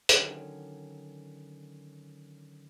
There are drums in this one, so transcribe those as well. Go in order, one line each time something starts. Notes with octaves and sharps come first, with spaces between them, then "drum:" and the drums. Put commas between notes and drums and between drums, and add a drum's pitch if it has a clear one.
D3 D#3 F#3 C#4, drum: hi-hat